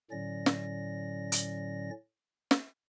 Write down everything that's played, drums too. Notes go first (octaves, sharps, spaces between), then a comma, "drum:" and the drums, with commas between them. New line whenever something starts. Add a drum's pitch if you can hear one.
A2 D3 F#3 C#4 D5 A#6
drum: snare
drum: hi-hat
drum: snare